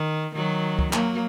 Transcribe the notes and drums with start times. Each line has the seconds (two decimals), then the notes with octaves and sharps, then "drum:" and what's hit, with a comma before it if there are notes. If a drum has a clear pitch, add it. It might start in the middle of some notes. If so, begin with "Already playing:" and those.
Already playing: D#3
0.35 D#3 F#3
0.79 drum: kick
0.93 F#3 A#3, drum: clap